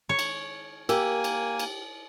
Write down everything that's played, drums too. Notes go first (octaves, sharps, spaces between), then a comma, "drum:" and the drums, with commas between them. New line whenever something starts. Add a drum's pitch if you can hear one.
C#5
drum: cymbal
A#3 G4 A#4 G#5, drum: cymbal
drum: cymbal
drum: cymbal